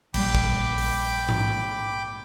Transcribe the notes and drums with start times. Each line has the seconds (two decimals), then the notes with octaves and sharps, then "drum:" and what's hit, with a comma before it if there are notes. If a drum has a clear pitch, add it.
0.14 A#1 G3 G5 B5 D6, drum: cymbal
0.35 drum: kick
0.78 drum: open hi-hat
1.29 drum: tom G#2